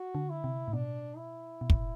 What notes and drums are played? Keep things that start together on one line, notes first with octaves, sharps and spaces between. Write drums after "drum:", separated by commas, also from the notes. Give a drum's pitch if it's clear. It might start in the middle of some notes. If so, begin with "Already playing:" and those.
Already playing: F#4
D3
E4
C3
A2
B2 D4
E4
B2
A2, drum: kick